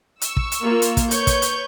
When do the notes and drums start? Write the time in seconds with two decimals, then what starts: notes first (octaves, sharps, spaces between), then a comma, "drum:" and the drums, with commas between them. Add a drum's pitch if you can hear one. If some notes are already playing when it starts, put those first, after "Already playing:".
0.21 C#6 E6, drum: hi-hat
0.37 drum: kick
0.52 drum: hi-hat
0.62 A#3 F4
0.82 drum: hi-hat
0.97 drum: kick, hi-hat
1.11 B4 C#5 C#6 G6, drum: hi-hat
1.27 drum: kick, hi-hat
1.42 drum: hi-hat